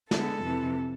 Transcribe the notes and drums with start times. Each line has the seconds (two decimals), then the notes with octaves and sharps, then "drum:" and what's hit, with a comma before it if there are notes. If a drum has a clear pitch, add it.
0.11 D3 G#3 B3 A4, drum: snare
0.43 F2 C3 E3